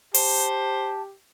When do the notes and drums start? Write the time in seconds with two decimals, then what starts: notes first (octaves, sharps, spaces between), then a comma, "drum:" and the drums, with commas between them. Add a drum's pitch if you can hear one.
0.14 G4 C5 A5, drum: open hi-hat